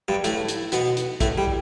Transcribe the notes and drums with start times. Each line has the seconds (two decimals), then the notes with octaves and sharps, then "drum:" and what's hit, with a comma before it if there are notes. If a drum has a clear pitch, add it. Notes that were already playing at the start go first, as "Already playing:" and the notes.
0.08 G2 G3
0.24 A2 A3, drum: hi-hat
0.48 drum: hi-hat
0.72 B2 B3, drum: hi-hat
0.97 drum: hi-hat
1.21 A2 A3, drum: kick, hi-hat
1.38 G3